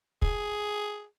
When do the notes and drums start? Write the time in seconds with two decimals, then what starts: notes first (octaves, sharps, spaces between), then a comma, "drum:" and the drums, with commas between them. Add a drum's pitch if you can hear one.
0.22 G#4, drum: kick